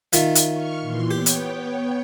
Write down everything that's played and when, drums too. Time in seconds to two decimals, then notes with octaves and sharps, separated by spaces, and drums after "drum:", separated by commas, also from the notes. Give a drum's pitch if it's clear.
0.13 D#3 F4 E5, drum: hi-hat
0.35 drum: hi-hat
0.51 C#6 F6
0.81 A#2 E3 C6
1.11 B3 G4 C#5 G5
1.26 drum: hi-hat